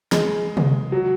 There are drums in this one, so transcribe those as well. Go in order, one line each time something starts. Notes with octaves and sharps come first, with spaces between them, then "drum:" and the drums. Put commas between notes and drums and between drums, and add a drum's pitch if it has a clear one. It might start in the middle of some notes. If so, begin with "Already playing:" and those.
G#3, drum: snare
drum: tom C3
F#3